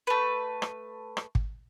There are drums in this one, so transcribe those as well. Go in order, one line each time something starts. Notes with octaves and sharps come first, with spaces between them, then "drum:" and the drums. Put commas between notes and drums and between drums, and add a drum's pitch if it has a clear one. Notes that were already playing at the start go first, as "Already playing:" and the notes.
A3 B4
drum: rim click
drum: rim click
drum: kick